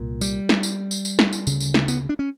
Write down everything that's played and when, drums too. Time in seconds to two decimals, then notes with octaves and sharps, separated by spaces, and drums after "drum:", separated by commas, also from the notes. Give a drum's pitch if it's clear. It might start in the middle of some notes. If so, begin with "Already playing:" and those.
Already playing: C2 A#2
0.21 G3, drum: tambourine
0.49 drum: snare
0.63 drum: tambourine
0.91 drum: tambourine
1.05 drum: tambourine
1.19 drum: snare
1.33 drum: tambourine
1.47 D2 C#3, drum: tambourine
1.60 drum: tambourine
1.74 drum: snare
1.88 B3, drum: tambourine
2.09 D4
2.19 C#4